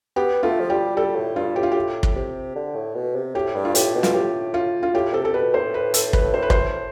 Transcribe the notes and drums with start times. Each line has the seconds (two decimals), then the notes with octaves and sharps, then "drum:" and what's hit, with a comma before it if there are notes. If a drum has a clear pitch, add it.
0.16 B3 G4
0.43 A3 F4
0.60 F3
0.70 G3 G4
0.97 G3 A4
1.16 A2
1.35 G2 F4
1.56 A2 G4
1.63 F4
1.71 A2 G4
2.03 drum: kick
2.16 C3
2.56 D3
2.75 A2
2.95 B2
3.15 C3
3.35 A2 G4
3.55 G2
3.65 F4
3.75 A2 G4, drum: hi-hat
3.95 B2
4.03 F4, drum: snare
4.14 A2 G4
4.54 F4
4.83 F4
4.94 A2 G4
5.14 C3 A4
5.25 A4
5.34 B2 B4
5.54 A2 C5
5.74 B4
5.94 A4, drum: hi-hat
6.13 B4, drum: kick
6.34 C5
6.42 B4
6.50 C5, drum: kick